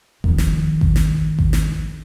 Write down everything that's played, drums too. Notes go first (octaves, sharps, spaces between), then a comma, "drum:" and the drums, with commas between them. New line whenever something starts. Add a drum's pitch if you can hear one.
D#3 F3, drum: kick G#1
drum: snare
drum: kick G#1
drum: snare
drum: kick G#1
drum: snare